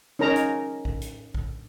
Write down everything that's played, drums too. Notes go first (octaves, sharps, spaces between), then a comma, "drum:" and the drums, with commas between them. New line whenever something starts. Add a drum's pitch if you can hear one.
C#4 D#4 A#4 A#5
drum: hi-hat
drum: kick
drum: hi-hat
drum: kick